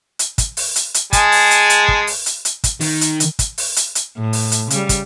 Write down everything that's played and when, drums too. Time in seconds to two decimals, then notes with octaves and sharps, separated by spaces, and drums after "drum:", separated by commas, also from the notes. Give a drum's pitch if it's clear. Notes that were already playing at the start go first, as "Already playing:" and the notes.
0.19 drum: hi-hat
0.38 drum: kick, hi-hat
0.57 drum: open hi-hat
0.76 drum: hi-hat
0.94 drum: hi-hat
1.13 G#3 G#4 A5, drum: kick, hi-hat
1.32 drum: open hi-hat
1.51 drum: hi-hat
1.70 drum: hi-hat
1.88 drum: kick
2.07 drum: open hi-hat
2.26 drum: hi-hat
2.45 drum: hi-hat
2.64 drum: kick, hi-hat
2.81 D#3, drum: open hi-hat
3.01 drum: hi-hat
3.20 drum: hi-hat
3.39 drum: kick, hi-hat
3.58 drum: open hi-hat
3.76 drum: hi-hat
3.95 drum: hi-hat
4.17 A2
4.33 drum: open hi-hat
4.52 drum: hi-hat
4.70 C#3 G3, drum: hi-hat
4.89 drum: kick, hi-hat